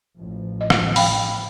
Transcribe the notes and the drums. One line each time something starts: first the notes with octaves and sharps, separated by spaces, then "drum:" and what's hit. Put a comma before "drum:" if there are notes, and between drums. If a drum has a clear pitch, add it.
A1 F3
D#5
drum: rim click
F5 G5 B5, drum: open hi-hat